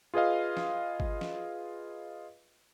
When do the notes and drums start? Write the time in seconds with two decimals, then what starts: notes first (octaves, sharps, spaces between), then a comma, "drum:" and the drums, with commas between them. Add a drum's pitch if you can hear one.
0.14 F4 G#4 B4 D#5 F5
0.57 drum: snare
1.00 drum: kick G#1
1.21 drum: snare